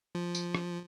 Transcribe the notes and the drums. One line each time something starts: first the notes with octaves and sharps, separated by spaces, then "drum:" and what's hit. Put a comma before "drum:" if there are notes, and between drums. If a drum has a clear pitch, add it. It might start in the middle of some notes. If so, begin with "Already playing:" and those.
F3
drum: tambourine
drum: rim click